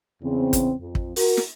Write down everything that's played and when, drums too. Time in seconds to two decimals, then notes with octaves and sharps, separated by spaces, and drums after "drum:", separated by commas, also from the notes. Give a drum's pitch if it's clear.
0.22 E2 C#3 C4
0.53 drum: kick, hi-hat
0.80 F2
0.95 drum: kick
1.16 F#4 A#4, drum: open hi-hat
1.37 drum: snare